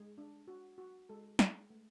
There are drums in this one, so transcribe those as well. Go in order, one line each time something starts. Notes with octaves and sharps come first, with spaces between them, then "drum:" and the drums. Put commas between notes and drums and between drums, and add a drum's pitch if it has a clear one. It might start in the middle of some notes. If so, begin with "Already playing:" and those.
Already playing: G#3 G#4
D4
F#4
F#4
G#3 A4
G#3, drum: snare
A3